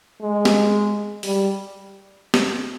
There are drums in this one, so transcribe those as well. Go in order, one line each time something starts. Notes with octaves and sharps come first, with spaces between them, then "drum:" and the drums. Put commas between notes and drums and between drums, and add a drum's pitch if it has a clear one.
G#3
drum: snare
G3, drum: open hi-hat
drum: snare